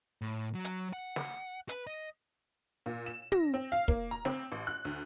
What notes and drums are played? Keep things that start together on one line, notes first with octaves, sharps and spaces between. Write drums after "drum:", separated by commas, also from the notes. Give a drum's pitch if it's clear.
A2
F#3
drum: hi-hat
F#5
drum: snare
B4, drum: hi-hat
D#5
A#2
E7
A#6, drum: tom
C4
F5
A#3, drum: kick
A#5
C4, drum: snare
A1
F#6
D2